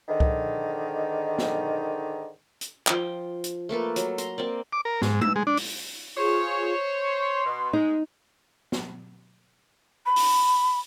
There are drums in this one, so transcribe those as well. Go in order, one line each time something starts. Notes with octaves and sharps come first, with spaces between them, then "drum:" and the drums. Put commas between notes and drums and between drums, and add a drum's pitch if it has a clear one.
G#2 D3 D#3
drum: kick C2
drum: snare
drum: hi-hat
F3 G5, drum: clap
drum: hi-hat
A3 A#3 A4 B4
F#3, drum: hi-hat
A#5 C6, drum: hi-hat
A#3 C4 D5
D6
A#4
G#2, drum: snare
E6, drum: tom G#3
G#3
D4
drum: open hi-hat
F4 G#4 C5 C#5
C6
B2
G#3 D#4
drum: snare
B5
drum: open hi-hat